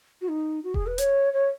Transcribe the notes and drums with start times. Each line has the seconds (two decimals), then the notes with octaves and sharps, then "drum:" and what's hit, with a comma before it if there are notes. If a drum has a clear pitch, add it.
0.21 F#4
0.28 D#4
0.63 F#4
0.74 G#4, drum: kick E1
0.86 B4
0.98 C#5, drum: hi-hat
1.33 C#5